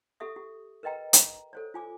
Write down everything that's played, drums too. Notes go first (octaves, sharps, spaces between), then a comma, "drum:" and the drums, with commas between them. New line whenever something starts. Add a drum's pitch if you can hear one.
G4 A4 E5 D#6
G4
A#4 B4 D#5 G5 A#5
A#5, drum: hi-hat
A4 C5 C#5
F4 G#5 D6